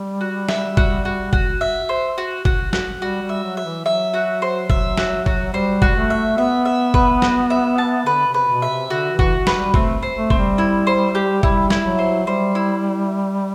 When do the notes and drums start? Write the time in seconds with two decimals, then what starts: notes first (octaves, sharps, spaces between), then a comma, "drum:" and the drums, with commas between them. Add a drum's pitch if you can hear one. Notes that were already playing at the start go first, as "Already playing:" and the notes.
Already playing: G3
0.21 F#4
0.49 E5, drum: snare
0.77 F#4, drum: kick F#1
1.05 F#4
1.33 F#4, drum: kick F#1
1.61 E5
1.89 C5
2.18 F#4
2.45 F#4, drum: kick F#1
2.73 F#4, drum: snare
3.01 G3 F#4
3.22 G3
3.29 E5
3.43 F#3
3.57 E5
3.65 E3
3.85 F#3 E5
4.14 F#4
4.42 C5
4.70 E5, drum: kick F#1
4.97 F#4, drum: snare
5.26 F#4, drum: kick F#1
5.53 G3 C5
5.82 F#4, drum: kick F#1
5.88 G3
5.96 A3
6.10 E5
6.37 B3 E5
6.65 E5
6.94 B4, drum: kick F#1
7.22 F#4, drum: snare
7.50 E5
7.78 A5
8.06 D3 B4
8.27 C3
8.34 B4
8.48 B2
8.62 E5
8.69 C3
8.90 D3 F#4
9.12 E3
9.19 F#4, drum: kick F#1
9.47 B4, drum: snare
9.53 G3
9.74 A3 C4, drum: kick F#1
10.02 C5
10.16 A3
10.30 C4, drum: kick F#1
10.38 G3
10.58 E4
10.87 C5
11.15 G4
11.43 G3 E4, drum: kick F#1
11.70 G3 E4, drum: snare
11.85 F#3
11.99 C5
12.27 G3 C5
12.55 E4